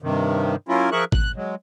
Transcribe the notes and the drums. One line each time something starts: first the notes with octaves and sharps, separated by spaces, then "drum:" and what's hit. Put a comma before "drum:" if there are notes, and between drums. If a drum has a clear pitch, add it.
G2 C3 D#3
F#3 A#3 C#4 E4 F4 A#4
F3 G#4 A#4 E5 C#6 F#6
F#6, drum: kick G#1
F#3 G#3